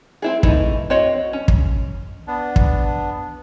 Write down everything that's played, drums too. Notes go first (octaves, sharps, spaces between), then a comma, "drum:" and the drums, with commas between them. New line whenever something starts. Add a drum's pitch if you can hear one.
C4 E4 G#4
E3 A3 D#4, drum: kick
C4 F#4 C#5 D#5
C#4
drum: kick
B3 D4
drum: kick